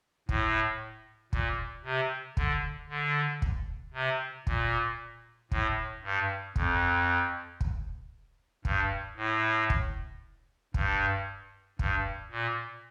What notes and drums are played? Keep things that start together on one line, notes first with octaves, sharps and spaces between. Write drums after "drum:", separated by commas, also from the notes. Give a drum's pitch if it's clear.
A2, drum: kick
A#2, drum: kick
C3
D3, drum: kick
D3
drum: kick
C3
A#2, drum: kick
A2, drum: kick
G2
F2, drum: kick
drum: kick
G2, drum: kick
A2
drum: kick
G2, drum: kick
G2, drum: kick
A#2